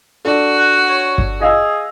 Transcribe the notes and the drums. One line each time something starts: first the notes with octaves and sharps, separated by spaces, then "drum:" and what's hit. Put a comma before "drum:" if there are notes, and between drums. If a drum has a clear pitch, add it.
D4 F#4 A4
F#5
C#5
drum: kick G1
G#4 D#5 F5 E6